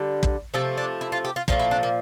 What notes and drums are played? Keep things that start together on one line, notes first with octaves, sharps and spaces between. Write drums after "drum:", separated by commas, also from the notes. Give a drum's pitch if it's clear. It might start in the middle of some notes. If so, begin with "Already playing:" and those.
Already playing: D3 G3
drum: kick
C3 F3 A3 A4
D4
E4
F4
G4
F4
A#2 F3 A3 F4, drum: kick
E4
D4
A#3